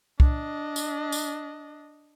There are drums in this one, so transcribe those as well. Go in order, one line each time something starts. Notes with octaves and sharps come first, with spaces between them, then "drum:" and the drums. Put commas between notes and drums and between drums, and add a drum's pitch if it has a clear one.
D4 D#5, drum: kick C2
drum: tambourine
drum: tambourine